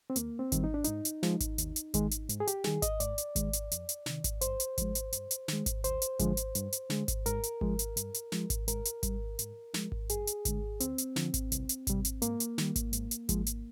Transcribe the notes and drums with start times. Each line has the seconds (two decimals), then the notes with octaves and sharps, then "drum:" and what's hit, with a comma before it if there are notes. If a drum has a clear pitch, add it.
0.10 C4
0.16 D#2 A#3, drum: hi-hat
0.39 C4
0.52 D#3 G3, drum: kick G#1, hi-hat
0.64 D#4
0.74 D4
0.84 G#2 D#4, drum: hi-hat
1.05 drum: hi-hat
1.23 F3 G#3, drum: snare
1.40 drum: kick G#1, hi-hat
1.58 D#2, drum: hi-hat
1.76 drum: hi-hat
1.94 D#3 G#3, drum: kick G#1, hi-hat
2.11 drum: hi-hat
2.29 G#2, drum: hi-hat
2.40 G#4
2.47 G4, drum: hi-hat
2.64 D#3 G3 G#4, drum: snare
2.82 D#5, drum: kick G#1, hi-hat
3.00 G#2 D5, drum: hi-hat
3.18 drum: hi-hat
3.36 D#3 G#3, drum: kick G#1, hi-hat
3.53 drum: hi-hat
3.72 F2, drum: hi-hat
3.89 drum: hi-hat
4.06 C3 D#3, drum: snare
4.24 drum: kick G#1, hi-hat
4.41 G2 C5, drum: hi-hat
4.60 drum: hi-hat
4.78 F3 G#3, drum: kick G#1, hi-hat
4.95 drum: hi-hat
5.13 G2, drum: hi-hat
5.31 drum: hi-hat
5.48 D#3 G#3, drum: snare
5.66 drum: kick G#1, hi-hat
5.84 D2 C5, drum: hi-hat
6.02 drum: hi-hat
6.19 D3 F3 G#3, drum: kick G#1, hi-hat
6.37 drum: hi-hat
6.55 G2, drum: hi-hat
6.73 drum: hi-hat
6.90 D3 G#3, drum: snare
7.08 drum: kick G#1, hi-hat
7.26 G#2 A#4, drum: hi-hat
7.43 drum: hi-hat
7.61 F3 G#3, drum: kick G#1
7.79 drum: hi-hat
7.97 G2, drum: hi-hat
8.14 drum: hi-hat
8.32 F3 G#3, drum: snare
8.50 drum: kick G#1, hi-hat
8.68 G#2 A#4, drum: hi-hat
8.85 drum: hi-hat
9.03 G3, drum: kick G#1, hi-hat
9.39 G#2, drum: hi-hat
9.74 F3 G#3, drum: snare
9.92 drum: kick G#1
10.09 G2 G#4, drum: hi-hat
10.27 drum: hi-hat
10.45 D3 G#3, drum: kick G#1, hi-hat
10.80 D2 C4, drum: hi-hat
10.98 drum: hi-hat
11.16 D3 F3, drum: snare
11.34 drum: kick G#1, hi-hat
11.52 C2, drum: hi-hat
11.69 drum: hi-hat
11.87 C3 G3, drum: kick G#1, hi-hat
12.05 drum: hi-hat
12.22 G#2 A#3, drum: hi-hat
12.40 drum: hi-hat
12.58 D#3 G3, drum: snare
12.76 drum: kick G#1, hi-hat
12.93 G#2, drum: hi-hat
13.11 drum: hi-hat
13.29 F3 G#3, drum: kick G#1, hi-hat
13.47 drum: hi-hat